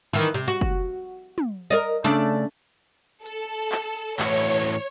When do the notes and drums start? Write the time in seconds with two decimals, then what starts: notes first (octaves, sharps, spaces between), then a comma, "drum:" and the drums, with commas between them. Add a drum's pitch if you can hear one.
0.13 D#3 E3
0.34 C3
0.48 F#4
0.61 drum: kick F#1
1.38 drum: tom
1.70 A#4 D5 D#5
2.04 C#3 A3 D4
3.26 A4, drum: hi-hat
3.72 drum: clap
4.19 A2 E3 F#4 C#5, drum: clap